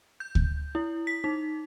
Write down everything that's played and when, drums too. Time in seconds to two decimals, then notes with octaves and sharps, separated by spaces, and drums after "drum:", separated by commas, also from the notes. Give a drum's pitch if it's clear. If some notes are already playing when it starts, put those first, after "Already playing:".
0.20 G6
0.35 drum: kick D2
0.75 E4
1.07 B6
1.24 D#4